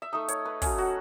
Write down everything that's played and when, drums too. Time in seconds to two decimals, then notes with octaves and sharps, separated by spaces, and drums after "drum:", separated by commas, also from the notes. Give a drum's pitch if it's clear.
0.02 E5
0.13 A3 D#4 D#5
0.28 C#5, drum: hi-hat
0.45 B4
0.62 F#3 A3 C#4, drum: kick, open hi-hat
0.78 F#4